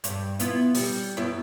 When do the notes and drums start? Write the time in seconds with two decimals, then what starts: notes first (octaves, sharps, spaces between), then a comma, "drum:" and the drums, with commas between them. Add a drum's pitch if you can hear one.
0.04 G2, drum: hi-hat
0.40 B3 E4 F4, drum: hi-hat
0.75 G3, drum: open hi-hat
1.17 F#2 B3 E4